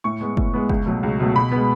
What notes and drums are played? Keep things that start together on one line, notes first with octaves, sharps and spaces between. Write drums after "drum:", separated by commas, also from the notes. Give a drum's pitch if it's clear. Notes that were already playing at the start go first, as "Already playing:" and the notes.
A2 C#6
G#3 B3
A2, drum: kick F#1
G#3 B3
C#2, drum: kick F#1
B2 F#3 A3
C#2
B2 F#3 A3
B2 B5
G#3 B3